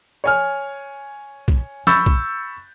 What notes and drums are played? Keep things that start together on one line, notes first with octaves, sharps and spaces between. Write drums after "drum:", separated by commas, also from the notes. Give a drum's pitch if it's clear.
C#5 G#5 F6
drum: kick B1
B5 C#6 E6 G6 A6, drum: snare
drum: kick B1